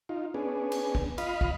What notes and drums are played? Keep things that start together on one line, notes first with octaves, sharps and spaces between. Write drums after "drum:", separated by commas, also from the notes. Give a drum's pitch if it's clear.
D#4 F4
B3 C#4 D4 G#4
drum: cymbal
drum: kick
F4 D#5 F5 B5, drum: cymbal
drum: kick